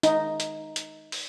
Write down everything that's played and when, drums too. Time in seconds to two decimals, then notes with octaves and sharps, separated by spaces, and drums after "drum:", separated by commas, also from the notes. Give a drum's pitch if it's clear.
0.03 D#4, drum: hi-hat
0.40 drum: hi-hat
0.76 drum: hi-hat
1.12 drum: open hi-hat